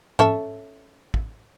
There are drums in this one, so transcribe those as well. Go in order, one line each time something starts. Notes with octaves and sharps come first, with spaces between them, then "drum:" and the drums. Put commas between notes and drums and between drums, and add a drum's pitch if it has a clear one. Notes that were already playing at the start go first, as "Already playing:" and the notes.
C#4 A4 E5, drum: tom G#2
drum: kick